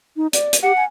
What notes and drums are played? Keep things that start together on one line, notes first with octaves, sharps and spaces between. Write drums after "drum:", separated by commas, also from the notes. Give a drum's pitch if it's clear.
D#4
D5, drum: hi-hat
drum: hi-hat
G4 F#5
G#5